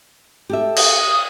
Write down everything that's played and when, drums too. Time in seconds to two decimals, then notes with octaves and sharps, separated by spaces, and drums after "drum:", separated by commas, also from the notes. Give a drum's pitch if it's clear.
0.49 G4 A4 E5
0.76 D#6, drum: cymbal